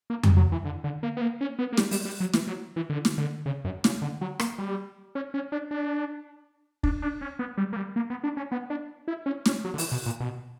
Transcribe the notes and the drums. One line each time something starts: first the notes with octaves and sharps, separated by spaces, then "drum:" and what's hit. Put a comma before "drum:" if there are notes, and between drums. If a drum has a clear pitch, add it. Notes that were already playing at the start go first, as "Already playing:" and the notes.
A#3
G3, drum: tom F2
F#3
E3
D3
D3
A#3
B3
A#3
C#4
B3
A#3
G3, drum: snare
G3, drum: open hi-hat
G3
F#3
E3, drum: snare
F#3
E3
D3
drum: snare
D3
C#3
F#2
C#3, drum: snare
D3
F#3
A#3, drum: rim click
G3
C#4
C#4
D4
D4
D4, drum: kick
D4
C#4
B3
G3
A#3
G3
A#3
B3
D4
C#4
B3
D4
E4
C#4
C#4, drum: snare
F#3
D3
E3, drum: open hi-hat
B2
A#2
B2